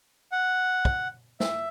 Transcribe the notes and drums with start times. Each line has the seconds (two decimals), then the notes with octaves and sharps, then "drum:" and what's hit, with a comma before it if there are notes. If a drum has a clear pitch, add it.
0.32 F#5
0.85 drum: kick
1.40 E5, drum: snare